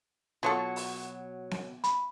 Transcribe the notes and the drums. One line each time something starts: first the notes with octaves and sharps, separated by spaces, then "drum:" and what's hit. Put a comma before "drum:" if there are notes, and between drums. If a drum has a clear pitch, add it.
B2 F#3 F4 F#4 A4 C#5
drum: open hi-hat
drum: snare B3
B5, drum: hi-hat